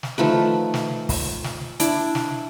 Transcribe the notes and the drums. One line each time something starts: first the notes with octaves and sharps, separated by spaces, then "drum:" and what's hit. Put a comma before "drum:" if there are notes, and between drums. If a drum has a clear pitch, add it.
drum: snare
D#3 F3 A3 B4
drum: snare
drum: kick, open hi-hat
drum: snare
D4 E4 D5, drum: hi-hat
drum: snare